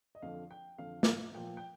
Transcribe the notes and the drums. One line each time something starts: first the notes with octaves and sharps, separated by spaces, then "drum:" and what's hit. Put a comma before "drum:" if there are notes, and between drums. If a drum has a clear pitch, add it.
D#5
F2 D3 F3 F5
G5
F2 D3 F3 F5
drum: snare
A#2 F3 G5
G5